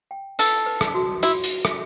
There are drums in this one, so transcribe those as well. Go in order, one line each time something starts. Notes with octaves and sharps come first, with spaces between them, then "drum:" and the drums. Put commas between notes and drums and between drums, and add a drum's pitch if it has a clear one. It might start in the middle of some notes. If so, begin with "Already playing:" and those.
G5
A4 B4, drum: hi-hat
B4
drum: rim click
F#4
E4 F#4, drum: hi-hat
drum: hi-hat
drum: rim click